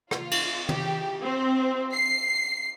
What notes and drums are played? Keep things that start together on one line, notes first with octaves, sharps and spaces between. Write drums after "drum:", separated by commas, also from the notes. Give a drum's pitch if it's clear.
F4, drum: rim click
drum: cymbal
G4, drum: tom
C4
C7